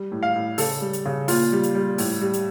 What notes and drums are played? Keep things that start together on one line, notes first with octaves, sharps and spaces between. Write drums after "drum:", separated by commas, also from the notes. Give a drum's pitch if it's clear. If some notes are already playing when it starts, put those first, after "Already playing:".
Already playing: G3
A2
F5
A2
C#3 A4, drum: open hi-hat
G3
drum: hi-hat
C#3
A#2 F4, drum: open hi-hat
G3
drum: hi-hat
G3
A2, drum: open hi-hat
G3
drum: hi-hat